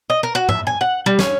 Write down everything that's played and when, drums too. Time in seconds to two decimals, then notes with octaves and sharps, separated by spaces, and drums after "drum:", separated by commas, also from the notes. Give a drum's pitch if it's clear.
0.10 D#5
0.23 A#4
0.35 F#4
0.49 E5, drum: tom G#2
0.67 G#5
0.81 F#5
1.06 G3
1.19 C#4, drum: snare